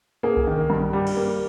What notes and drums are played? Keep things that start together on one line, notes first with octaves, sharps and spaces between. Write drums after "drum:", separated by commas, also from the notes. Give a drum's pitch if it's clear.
A#3 G#4
drum: kick B1
D#3
G2
G3
drum: cymbal
A#3